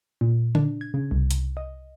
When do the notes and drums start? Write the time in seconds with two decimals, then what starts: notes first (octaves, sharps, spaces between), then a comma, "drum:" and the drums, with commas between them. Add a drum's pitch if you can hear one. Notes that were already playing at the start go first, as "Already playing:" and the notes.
0.21 A#2
0.55 D4, drum: tom C#3
0.81 G#6
0.94 C#3
1.11 C2
1.31 drum: hi-hat
1.57 D#5